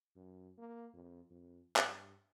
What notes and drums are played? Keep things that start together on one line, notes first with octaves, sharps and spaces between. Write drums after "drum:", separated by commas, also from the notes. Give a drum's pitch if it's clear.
F#2
A#3
F2
F2
G2, drum: clap